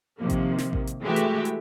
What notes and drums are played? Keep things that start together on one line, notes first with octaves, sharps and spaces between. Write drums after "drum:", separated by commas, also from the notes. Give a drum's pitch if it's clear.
C3 D#3 F3 A#3
drum: kick A1, hi-hat
drum: snare
drum: kick A1
drum: hi-hat
E3 G#3 A3 F#4 G4 E5
drum: hi-hat
drum: hi-hat